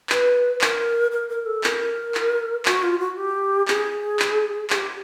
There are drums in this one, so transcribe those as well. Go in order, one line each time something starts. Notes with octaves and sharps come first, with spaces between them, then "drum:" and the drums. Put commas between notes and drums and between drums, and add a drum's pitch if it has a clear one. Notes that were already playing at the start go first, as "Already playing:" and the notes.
B4, drum: clap
A#4, drum: clap
A#4
A#4
A4
A#4, drum: clap
drum: clap
F#4, drum: clap
F4
F#4
G4
G#4, drum: clap
drum: clap
G#4, drum: clap
G4